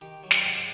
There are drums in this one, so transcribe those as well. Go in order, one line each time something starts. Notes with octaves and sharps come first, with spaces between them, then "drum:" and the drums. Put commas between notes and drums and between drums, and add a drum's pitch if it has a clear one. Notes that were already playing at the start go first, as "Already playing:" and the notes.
D#3 G4
F#3
G4, drum: snare
G#2